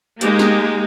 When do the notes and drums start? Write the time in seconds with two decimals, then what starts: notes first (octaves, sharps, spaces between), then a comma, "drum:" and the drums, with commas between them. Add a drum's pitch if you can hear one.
0.21 G#3 A#3 D#4 G4, drum: hi-hat
0.39 drum: snare